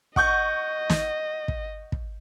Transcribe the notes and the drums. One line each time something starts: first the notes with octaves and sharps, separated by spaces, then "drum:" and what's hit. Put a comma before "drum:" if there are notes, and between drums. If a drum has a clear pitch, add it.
D#5 F#5 C#6 G6, drum: kick
drum: snare
drum: kick
drum: kick